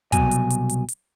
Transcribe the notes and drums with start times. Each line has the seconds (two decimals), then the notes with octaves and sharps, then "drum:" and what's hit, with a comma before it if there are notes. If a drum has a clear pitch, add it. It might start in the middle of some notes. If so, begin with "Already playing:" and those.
0.12 C2 B2 F#3 G#5, drum: kick, hi-hat
0.31 drum: hi-hat
0.50 drum: hi-hat
0.69 drum: hi-hat
0.88 drum: hi-hat